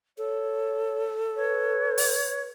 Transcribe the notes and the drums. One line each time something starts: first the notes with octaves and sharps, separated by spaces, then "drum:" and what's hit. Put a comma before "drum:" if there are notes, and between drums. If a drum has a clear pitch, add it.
A4 C#5
B4 C#5
drum: open hi-hat